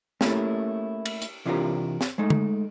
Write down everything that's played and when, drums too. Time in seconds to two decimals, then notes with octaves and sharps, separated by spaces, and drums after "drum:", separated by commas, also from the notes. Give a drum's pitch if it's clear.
0.21 A3 A#3 C#4 E4 G4 A4, drum: snare
1.05 drum: cymbal
1.22 drum: hi-hat
1.46 C3 E3 D4 F4 G4 A#4
2.01 drum: snare
2.18 G#3 A3 D#4
2.30 drum: tom